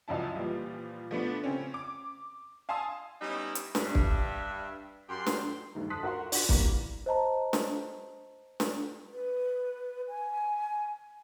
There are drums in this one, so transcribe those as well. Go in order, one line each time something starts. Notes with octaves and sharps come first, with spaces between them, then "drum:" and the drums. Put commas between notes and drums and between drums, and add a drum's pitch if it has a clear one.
C#2 F#2 F3 E4 A5
A#2 E3 F3 G3
F3 A3 B3 D4
C#3 C4 C#4
D6
F5 G#5 A5 C6 D#6 E6
G3 B3 C#4 D#4 E4 G4
drum: hi-hat
G2 G3 E5, drum: snare
drum: kick
F#2 G4 C6
drum: snare
D2 G2 D#3
A5 C6 D#6 F#6 B6
F#4 A#4 F5 F#5 C6
D4 F#4, drum: open hi-hat
E3 G3 A#3, drum: kick
E3
C5 D#5 A5 A#5
drum: snare
drum: snare
B4
G#5